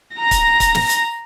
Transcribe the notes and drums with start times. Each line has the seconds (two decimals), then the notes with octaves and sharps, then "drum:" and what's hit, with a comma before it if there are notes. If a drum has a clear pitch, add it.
0.17 A#5 A#6
0.31 drum: kick C#1, hi-hat
0.60 drum: kick C#1, hi-hat
0.75 drum: snare
0.89 drum: hi-hat